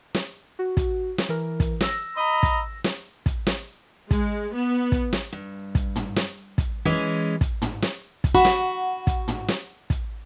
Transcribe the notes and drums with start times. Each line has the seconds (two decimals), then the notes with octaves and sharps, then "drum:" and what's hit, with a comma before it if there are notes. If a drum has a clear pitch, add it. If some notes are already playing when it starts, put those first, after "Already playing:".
0.15 drum: snare
0.59 F#4
0.77 drum: kick, hi-hat
1.18 drum: snare
1.29 E3 A#4
1.60 drum: kick, hi-hat
1.81 E6 A#6, drum: snare
2.16 D#5 A#5 B5
2.43 drum: kick, hi-hat
2.84 drum: snare
3.26 drum: kick, hi-hat
3.47 drum: snare
4.11 G#3, drum: kick, hi-hat
4.54 B3
4.92 drum: kick, hi-hat
5.13 drum: snare
5.33 G2
5.75 drum: kick, hi-hat
5.96 drum: tom
6.16 drum: snare
6.58 drum: kick, hi-hat
6.85 E3 G#3 C#4
7.41 drum: kick, hi-hat
7.62 drum: tom
7.82 drum: snare
8.24 drum: kick, hi-hat
8.35 F#4 F#5 B5
8.45 drum: snare
9.07 drum: kick, hi-hat
9.28 drum: tom
9.48 drum: snare
9.90 drum: kick, hi-hat